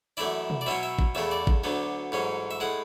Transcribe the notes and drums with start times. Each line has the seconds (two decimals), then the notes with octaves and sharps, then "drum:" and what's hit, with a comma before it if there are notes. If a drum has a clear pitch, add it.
0.17 F#2 E3 A3 E4 D5
0.50 drum: tom
0.61 D5
0.66 B2 F#3 C#4 E4 E5
0.83 E5
0.99 drum: kick
1.15 E2 C#3 E3 A3 E5
1.31 D5
1.47 drum: kick
1.64 D2 D3 F#3 B3
2.12 A1 G#2 F#3 C#4
2.51 E5
2.60 A2 G#3 F#5